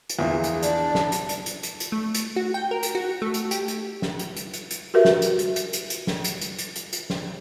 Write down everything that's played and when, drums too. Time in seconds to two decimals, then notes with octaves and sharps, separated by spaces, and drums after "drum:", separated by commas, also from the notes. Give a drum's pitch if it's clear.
0.09 drum: hi-hat
0.19 A#1 E2
0.44 drum: hi-hat
0.63 D4 D5, drum: hi-hat
0.95 drum: snare
1.12 drum: hi-hat
1.29 drum: hi-hat
1.46 drum: hi-hat
1.63 drum: hi-hat
1.80 drum: hi-hat
1.92 A3
2.14 drum: hi-hat
2.36 F#4
2.54 G5
2.71 A#4
2.83 drum: hi-hat
2.95 F#4
3.22 A3
3.34 drum: hi-hat
3.51 G4, drum: hi-hat
3.68 drum: hi-hat
4.02 drum: snare
4.19 drum: hi-hat
4.36 drum: hi-hat
4.54 drum: hi-hat
4.71 drum: hi-hat
4.94 F#4 G4 A#4 B4 E5
5.05 drum: snare
5.22 drum: hi-hat
5.39 drum: hi-hat
5.56 drum: hi-hat
5.73 drum: hi-hat
5.90 drum: hi-hat
6.07 drum: snare
6.24 drum: hi-hat
6.41 drum: hi-hat
6.58 drum: hi-hat
6.76 drum: hi-hat
6.93 drum: hi-hat
7.10 drum: snare